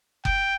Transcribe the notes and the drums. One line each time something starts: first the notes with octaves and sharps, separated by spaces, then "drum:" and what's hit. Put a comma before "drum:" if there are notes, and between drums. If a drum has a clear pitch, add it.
G5, drum: kick F#1